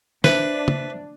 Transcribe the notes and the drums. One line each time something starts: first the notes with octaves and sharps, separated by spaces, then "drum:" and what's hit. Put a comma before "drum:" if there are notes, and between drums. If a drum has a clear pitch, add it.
D4 B4 C5 E5, drum: snare
drum: tom